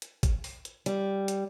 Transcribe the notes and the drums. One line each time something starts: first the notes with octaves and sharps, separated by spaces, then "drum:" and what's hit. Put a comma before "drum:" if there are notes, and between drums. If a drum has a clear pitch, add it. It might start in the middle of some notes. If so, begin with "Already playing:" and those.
drum: hi-hat
drum: kick, hi-hat
drum: open hi-hat
drum: hi-hat
G3, drum: hi-hat
drum: hi-hat